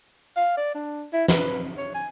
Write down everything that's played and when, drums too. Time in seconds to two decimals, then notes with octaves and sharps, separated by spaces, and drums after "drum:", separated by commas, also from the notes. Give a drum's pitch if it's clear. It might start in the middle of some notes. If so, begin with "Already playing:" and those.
0.36 F5
0.57 D5
0.75 D4
1.13 E4
1.28 B4, drum: snare
1.78 C#5
1.94 G#5